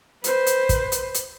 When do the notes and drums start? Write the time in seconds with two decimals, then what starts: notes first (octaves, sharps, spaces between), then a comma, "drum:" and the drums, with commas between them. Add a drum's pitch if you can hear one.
0.24 B4 C5, drum: hi-hat
0.47 drum: hi-hat
0.69 drum: kick, hi-hat
0.92 drum: hi-hat
1.15 drum: hi-hat